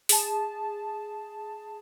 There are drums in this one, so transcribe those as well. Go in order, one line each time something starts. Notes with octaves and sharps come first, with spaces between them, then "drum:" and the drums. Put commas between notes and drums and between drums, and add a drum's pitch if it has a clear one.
G#4 A5, drum: open hi-hat